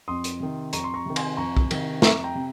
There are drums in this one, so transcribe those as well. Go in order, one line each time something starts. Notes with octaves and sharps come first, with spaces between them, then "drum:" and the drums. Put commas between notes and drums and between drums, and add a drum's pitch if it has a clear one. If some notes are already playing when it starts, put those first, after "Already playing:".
F2 C6 D#6
drum: hi-hat
C3 D#3
F2 A#5 C#6, drum: hi-hat
C6
A#5 C#6
C3 D#3
G#5 C6, drum: cymbal
F2 A#5 C#6
drum: kick
C3 D#3, drum: cymbal
F2 A#5 C#6, drum: snare
G5 A#5
C3